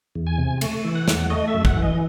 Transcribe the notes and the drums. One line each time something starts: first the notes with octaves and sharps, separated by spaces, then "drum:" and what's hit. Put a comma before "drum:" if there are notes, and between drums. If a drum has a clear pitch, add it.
E2
G#5
C3
A3, drum: cymbal
E3
F#5
E2, drum: snare
A3 D#5
E5
F#2
F#5, drum: kick
E3
D#5